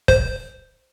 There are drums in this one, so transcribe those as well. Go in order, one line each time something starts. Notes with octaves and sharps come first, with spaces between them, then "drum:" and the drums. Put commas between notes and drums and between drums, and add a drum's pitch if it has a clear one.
C5, drum: kick